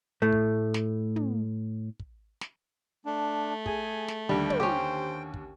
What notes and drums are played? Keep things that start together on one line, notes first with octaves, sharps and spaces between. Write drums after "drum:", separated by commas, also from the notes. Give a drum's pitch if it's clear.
A2 A3
drum: kick
drum: snare
drum: tom
drum: kick
drum: snare
A3 D4
G#4 G#5, drum: kick
drum: snare
D#2 D3 G3 G5
drum: tom
C#4 G4 C5
drum: kick